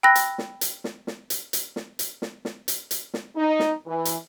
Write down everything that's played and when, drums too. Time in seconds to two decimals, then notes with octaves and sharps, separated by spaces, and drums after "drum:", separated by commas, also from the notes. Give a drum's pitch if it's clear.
0.03 G5 B5 E6 F#6 A#6
0.15 drum: hi-hat
0.38 drum: snare
0.61 drum: hi-hat
0.84 drum: snare
1.07 drum: snare
1.30 drum: hi-hat
1.53 drum: hi-hat
1.76 drum: snare
1.99 drum: hi-hat
2.22 drum: snare
2.45 drum: snare
2.68 drum: hi-hat
2.91 drum: hi-hat
3.14 drum: snare
3.37 D#4
3.59 drum: snare
3.87 E3
4.05 drum: hi-hat